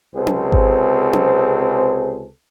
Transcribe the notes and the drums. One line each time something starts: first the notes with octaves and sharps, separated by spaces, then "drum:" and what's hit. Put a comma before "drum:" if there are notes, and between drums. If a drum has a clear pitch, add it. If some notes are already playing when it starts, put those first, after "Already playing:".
C#2 C3 C4 G#4 A4 C5
drum: tom C#4
drum: kick G#1
drum: tom C#4